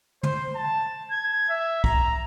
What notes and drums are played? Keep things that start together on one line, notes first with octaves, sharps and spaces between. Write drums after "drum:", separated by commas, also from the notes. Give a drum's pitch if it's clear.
C5, drum: tom
A5
G#6
E5
A#5, drum: kick